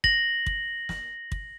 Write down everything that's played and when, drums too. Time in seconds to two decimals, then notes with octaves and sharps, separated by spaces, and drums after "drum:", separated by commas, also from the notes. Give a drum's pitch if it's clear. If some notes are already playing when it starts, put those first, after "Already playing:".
0.04 A#6 F#7, drum: kick
0.46 drum: kick
0.89 drum: snare
1.32 drum: kick